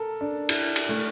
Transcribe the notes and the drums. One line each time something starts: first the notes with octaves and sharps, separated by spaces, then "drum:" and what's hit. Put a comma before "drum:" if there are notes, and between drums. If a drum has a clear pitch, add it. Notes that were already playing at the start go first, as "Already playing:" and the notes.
Already playing: A4 A#4
D4
E4, drum: cymbal
drum: cymbal
A3